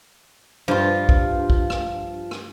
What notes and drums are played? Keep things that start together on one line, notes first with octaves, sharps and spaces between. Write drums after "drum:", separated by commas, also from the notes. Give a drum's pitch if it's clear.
G2 F3 F4
drum: kick
drum: kick
drum: rim click
drum: rim click